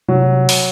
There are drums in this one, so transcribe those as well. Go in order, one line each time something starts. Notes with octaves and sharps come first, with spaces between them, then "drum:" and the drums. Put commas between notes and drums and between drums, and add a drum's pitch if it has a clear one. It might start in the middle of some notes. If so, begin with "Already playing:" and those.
C3 F#3
drum: open hi-hat